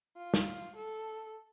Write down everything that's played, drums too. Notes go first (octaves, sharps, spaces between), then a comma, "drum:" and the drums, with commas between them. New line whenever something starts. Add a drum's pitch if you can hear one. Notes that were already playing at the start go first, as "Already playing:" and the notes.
F4
drum: snare
A4